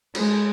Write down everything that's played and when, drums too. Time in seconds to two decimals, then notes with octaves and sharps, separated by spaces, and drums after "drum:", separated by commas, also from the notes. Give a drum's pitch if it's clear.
0.15 G#3, drum: cymbal